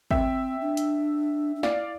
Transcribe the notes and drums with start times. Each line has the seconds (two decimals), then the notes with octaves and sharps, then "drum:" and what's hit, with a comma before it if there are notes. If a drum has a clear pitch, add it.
0.11 C4 E5 G5, drum: kick
0.61 D4
0.77 drum: hi-hat
1.56 D4
1.63 E4 D5 F5, drum: snare